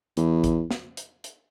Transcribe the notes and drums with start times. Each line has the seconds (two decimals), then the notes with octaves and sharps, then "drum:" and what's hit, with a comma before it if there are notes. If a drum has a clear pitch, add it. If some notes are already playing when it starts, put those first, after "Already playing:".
0.17 E2, drum: hi-hat
0.44 drum: kick A1, hi-hat
0.71 drum: snare
0.97 drum: hi-hat
1.24 drum: hi-hat